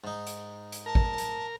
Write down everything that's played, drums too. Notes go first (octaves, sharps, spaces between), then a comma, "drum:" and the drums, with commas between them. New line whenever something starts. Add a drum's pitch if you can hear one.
G#2 D#4
drum: hi-hat
drum: hi-hat
A#4 A5
drum: kick
drum: hi-hat